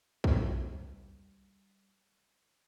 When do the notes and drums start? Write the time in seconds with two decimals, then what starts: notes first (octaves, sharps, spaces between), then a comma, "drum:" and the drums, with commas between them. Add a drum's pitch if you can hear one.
0.24 G3 D4 B4 E5 F#5, drum: kick B1